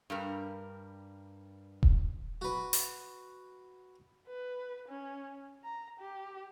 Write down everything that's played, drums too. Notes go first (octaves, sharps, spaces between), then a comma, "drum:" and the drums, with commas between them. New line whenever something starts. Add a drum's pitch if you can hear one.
G2 G3 A#4
drum: kick D#1
F#4 B4
drum: open hi-hat
B4
C#4
A#5
G4